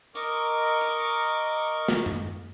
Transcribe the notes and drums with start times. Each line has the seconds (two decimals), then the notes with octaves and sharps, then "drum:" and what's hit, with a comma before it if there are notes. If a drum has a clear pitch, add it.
0.15 A#4 D#5 C#6 D6, drum: hi-hat
0.81 drum: hi-hat
1.88 drum: snare
2.06 drum: tom F#2